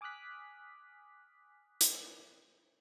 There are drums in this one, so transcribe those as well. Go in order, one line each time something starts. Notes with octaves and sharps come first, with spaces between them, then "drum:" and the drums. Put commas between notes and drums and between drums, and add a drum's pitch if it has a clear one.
G#5 D6 D#6 F6 F#6 B6
drum: hi-hat